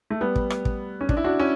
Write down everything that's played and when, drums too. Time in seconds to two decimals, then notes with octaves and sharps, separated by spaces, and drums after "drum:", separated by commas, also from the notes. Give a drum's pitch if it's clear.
0.10 A3
0.21 G3 B3
0.36 drum: kick
0.50 drum: rim click
0.65 drum: kick
1.01 C#4
1.09 D4, drum: kick
1.17 E4
1.24 D4 F#4
1.40 C#4 E4